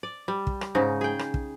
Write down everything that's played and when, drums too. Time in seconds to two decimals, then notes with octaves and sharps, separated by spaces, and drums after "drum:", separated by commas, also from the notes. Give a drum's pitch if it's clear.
0.03 D5
0.28 G3
0.47 drum: kick
0.61 drum: rim click
0.75 G#2 C#3 D#4
1.01 G#4 G5
1.19 drum: rim click
1.34 drum: kick